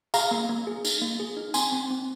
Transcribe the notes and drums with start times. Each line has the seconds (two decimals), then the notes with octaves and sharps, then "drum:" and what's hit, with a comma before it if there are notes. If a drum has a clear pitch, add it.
0.14 G#4 F5 A#5, drum: tambourine
0.31 A#3
0.49 A#3
0.67 G#4
0.85 D#4, drum: tambourine
1.02 A#3
1.20 G#4
1.37 D#4
1.54 C4 G#5 C6, drum: tambourine
1.72 C4
1.90 C4